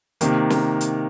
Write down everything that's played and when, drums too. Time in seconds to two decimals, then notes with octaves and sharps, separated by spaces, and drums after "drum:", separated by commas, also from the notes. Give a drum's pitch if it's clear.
0.21 C3 D#3 A#3, drum: hi-hat
0.50 drum: snare
0.81 drum: hi-hat